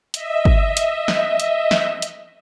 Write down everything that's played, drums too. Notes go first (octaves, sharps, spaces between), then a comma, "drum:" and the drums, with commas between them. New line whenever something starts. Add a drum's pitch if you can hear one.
D#5 E5, drum: hi-hat
drum: kick
drum: hi-hat
drum: snare
drum: hi-hat
drum: snare
drum: hi-hat